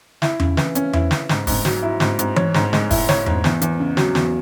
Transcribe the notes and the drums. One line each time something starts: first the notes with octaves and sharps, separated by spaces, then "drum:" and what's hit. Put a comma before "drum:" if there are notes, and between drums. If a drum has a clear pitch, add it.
E4, drum: snare
C#3, drum: tom E2
E3, drum: snare
C#4, drum: hi-hat
E4, drum: tom E2
C#3, drum: snare
G#2, drum: snare
G#2, drum: kick, open hi-hat
F#3, drum: snare
E4
G#2, drum: snare
G#2, drum: hi-hat
C#5, drum: tom E3
G#2, drum: snare
G#3, drum: snare
E4, drum: kick, open hi-hat
C#5, drum: snare
G#2, drum: tom E2
E2, drum: snare
E2, drum: hi-hat
C#3
F#3, drum: snare
E2, drum: snare